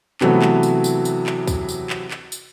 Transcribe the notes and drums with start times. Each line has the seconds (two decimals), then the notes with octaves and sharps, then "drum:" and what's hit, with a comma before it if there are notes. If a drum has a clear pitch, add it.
0.21 C3 E3 F#3 A3 B3, drum: clap
0.42 drum: clap
0.63 drum: tambourine
0.84 drum: tambourine
1.05 drum: tambourine
1.26 drum: clap
1.47 drum: kick, tambourine
1.69 drum: tambourine
1.90 drum: clap
2.11 drum: clap
2.32 drum: tambourine